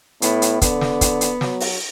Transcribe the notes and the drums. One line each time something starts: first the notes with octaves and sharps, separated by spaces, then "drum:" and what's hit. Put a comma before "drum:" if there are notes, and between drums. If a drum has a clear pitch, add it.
A2 B3, drum: hi-hat
drum: hi-hat
D3 B3, drum: kick, hi-hat
drum: snare
drum: kick, hi-hat
drum: hi-hat
F#3, drum: snare
drum: open hi-hat